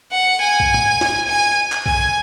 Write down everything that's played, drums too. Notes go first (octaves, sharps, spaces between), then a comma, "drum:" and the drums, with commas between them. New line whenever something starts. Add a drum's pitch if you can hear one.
F#5
G#5
drum: kick B1
drum: tom A2
drum: snare
G#5
drum: clap
G#5, drum: kick B1